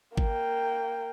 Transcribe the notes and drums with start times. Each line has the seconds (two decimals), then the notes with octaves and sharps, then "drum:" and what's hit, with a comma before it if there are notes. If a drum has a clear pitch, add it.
0.17 A#3 G5, drum: kick G#1